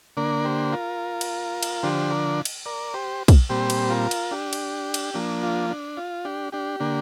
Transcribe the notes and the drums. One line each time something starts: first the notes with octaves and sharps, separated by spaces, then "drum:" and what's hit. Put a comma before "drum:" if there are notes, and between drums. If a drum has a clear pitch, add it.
D3 A#3 D4 A#4 D5
G4 C5
F4 A#4
drum: cymbal
drum: cymbal
D3 F3 D4 G4 C5
A#4 D5
drum: cymbal
A#4 D5
G4 C5
drum: kick, cymbal
A#2 G3 C4 G4 C5
drum: cymbal
F4 A#4
drum: cymbal
D4 G4
drum: cymbal
drum: cymbal
F3 A#3 D4
F4
D4
F4
D4 G4
D4 G4
D3 A#3 D4